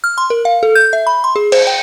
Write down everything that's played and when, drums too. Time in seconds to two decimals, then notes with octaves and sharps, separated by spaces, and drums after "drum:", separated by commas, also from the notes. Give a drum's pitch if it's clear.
0.04 F6
0.18 C6
0.30 A#4
0.45 F5
0.63 A4
0.75 G6
0.93 E5
1.07 B5
1.24 C6
1.36 G#4
1.52 C5, drum: cymbal
1.67 G5